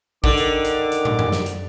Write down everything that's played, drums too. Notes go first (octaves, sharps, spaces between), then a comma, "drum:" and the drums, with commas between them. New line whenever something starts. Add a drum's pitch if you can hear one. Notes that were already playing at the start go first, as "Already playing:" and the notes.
D3 D#3 D6, drum: kick
drum: hi-hat
drum: hi-hat
drum: hi-hat
drum: tom
drum: tom F#2
drum: snare
drum: hi-hat